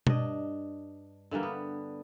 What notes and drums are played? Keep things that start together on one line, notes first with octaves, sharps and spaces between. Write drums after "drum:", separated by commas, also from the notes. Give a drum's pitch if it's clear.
G2 D4 D#5, drum: tom B2
D3 E3 G3 A#3
B3